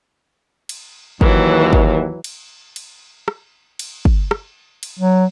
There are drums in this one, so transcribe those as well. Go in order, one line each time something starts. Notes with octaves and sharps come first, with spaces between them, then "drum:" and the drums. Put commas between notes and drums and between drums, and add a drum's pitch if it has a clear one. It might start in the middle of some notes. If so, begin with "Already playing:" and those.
drum: cymbal
D#2 E3 F#3, drum: kick
drum: kick
drum: cymbal
drum: cymbal
drum: rim click
drum: cymbal
drum: kick
drum: rim click
drum: cymbal
F#3